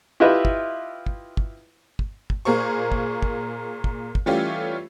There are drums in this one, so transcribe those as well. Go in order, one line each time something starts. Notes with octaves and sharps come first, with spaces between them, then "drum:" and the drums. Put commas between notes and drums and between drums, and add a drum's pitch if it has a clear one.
E4 F4 G4 B4 D#5 E5
drum: kick
drum: kick
drum: kick
drum: kick
drum: kick
A#2 A#3 G#4 A#4 C5 C#6
drum: kick
drum: kick
drum: kick
drum: kick
E3 G3 A3 C#4 F4 G4